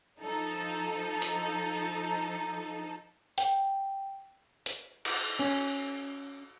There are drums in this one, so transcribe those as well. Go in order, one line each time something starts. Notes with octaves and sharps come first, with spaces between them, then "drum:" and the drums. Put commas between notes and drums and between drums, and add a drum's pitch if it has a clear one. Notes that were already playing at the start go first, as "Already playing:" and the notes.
F3 D#4 A4
drum: hi-hat
G5, drum: hi-hat
drum: hi-hat
drum: cymbal
C#4